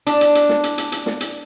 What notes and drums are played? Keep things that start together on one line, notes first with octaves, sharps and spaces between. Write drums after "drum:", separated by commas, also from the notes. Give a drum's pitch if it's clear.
D4, drum: hi-hat
drum: hi-hat
drum: hi-hat
drum: snare
drum: hi-hat
drum: hi-hat
drum: hi-hat
drum: snare
drum: hi-hat